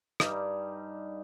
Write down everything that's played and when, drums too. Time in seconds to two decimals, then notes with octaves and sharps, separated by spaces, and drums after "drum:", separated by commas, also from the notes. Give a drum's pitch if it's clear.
0.20 G2 G3 D#4, drum: rim click